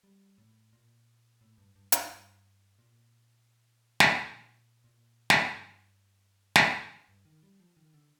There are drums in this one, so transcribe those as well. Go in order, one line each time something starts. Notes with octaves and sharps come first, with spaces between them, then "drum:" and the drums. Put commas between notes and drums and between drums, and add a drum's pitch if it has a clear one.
G3
A2
A#2
A2
G2
G2
G2, drum: hi-hat
G2
A#2
drum: snare
A#2
A#2
drum: snare
G2
drum: snare
G2
D#3
G3
F3
D#3
D3